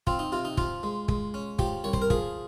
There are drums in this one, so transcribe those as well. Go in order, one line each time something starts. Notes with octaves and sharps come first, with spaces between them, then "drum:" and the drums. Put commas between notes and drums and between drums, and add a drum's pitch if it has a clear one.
C4 F4, drum: kick
D#4
C3 F4
D#4
F3 F4, drum: kick
G#3
G#3, drum: kick
C#4
F3 G4, drum: kick
C2 C#5
C5, drum: kick
A#4
F3 G#4, drum: kick